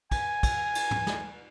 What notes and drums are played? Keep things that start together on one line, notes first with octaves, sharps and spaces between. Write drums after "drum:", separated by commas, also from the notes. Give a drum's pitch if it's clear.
G#5, drum: kick, cymbal
drum: kick, cymbal
drum: cymbal
drum: tom
drum: snare